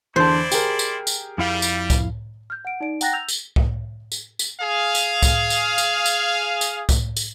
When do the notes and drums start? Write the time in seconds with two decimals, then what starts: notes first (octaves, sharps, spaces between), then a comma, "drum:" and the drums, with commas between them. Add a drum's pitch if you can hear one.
0.16 E2 D3 E4 C5 D5 A5 C6
0.51 G4 G#4 A#4, drum: tambourine
0.79 drum: tambourine
1.07 drum: tambourine
1.38 F2 G3 E4 F5
1.62 drum: tambourine
1.90 drum: kick C2, tambourine
2.50 F6 G6
2.65 F#5 D7
2.81 D#4 D5 D7
3.01 F#5 G5 A#5 F#6 A6 A#6, drum: tambourine
3.13 E6 G6 F7
3.29 drum: tambourine
3.56 drum: kick C2
4.12 drum: tambourine
4.39 drum: tambourine
4.61 G#4 F5
4.95 drum: tambourine
5.22 drum: kick C2, tambourine
5.50 drum: tambourine
5.78 drum: tambourine
6.06 drum: tambourine
6.61 drum: tambourine
6.89 drum: kick C2, tambourine
7.16 drum: tambourine